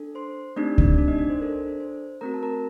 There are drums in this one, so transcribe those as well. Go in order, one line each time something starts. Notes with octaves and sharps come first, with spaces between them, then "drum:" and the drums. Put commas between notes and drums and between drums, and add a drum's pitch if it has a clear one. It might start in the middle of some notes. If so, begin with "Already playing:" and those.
Already playing: D4 A4
C5 C6
A3 C4 D4 D#4 G4 D5
D4 D5, drum: kick C#2
D4 D5
D#4 D#5
D4 D5
C5
D4 A4 A#4
C5
D4 D5
C5
A3 C4 F#4 A#4 A#5
A5
A#4 A#5